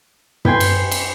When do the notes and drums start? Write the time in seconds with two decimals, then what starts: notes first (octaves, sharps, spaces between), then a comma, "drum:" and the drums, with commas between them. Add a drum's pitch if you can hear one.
0.45 B4 G5 G#5 C6, drum: tom
0.60 drum: cymbal
0.91 drum: cymbal